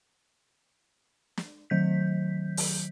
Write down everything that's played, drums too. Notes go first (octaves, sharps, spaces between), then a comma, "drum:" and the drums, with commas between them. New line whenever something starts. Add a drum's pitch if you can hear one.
drum: snare
D#3 F#3 G6 B6
drum: open hi-hat